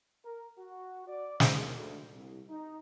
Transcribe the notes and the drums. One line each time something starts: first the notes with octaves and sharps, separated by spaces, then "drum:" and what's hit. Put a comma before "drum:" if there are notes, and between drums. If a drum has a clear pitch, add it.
A#4
F#4
D5
D#2, drum: snare
D2
C2
D#4